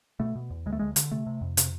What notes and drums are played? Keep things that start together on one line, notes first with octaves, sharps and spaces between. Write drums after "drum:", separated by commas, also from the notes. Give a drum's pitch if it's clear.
B2 A3
B2
E2
D2 G#3
A3
D2 G#3
D3, drum: hi-hat
C3 A3
C3
F2
C3, drum: hi-hat